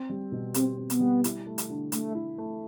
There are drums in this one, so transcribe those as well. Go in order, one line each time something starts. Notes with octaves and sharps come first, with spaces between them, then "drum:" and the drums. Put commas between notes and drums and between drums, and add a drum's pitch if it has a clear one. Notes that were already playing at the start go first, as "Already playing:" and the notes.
Already playing: C4
G3
B2
C4 G4, drum: hi-hat
C4
B3, drum: hi-hat
G3
E4, drum: hi-hat
A3
drum: hi-hat
D3
D3 A3, drum: hi-hat
E4
A3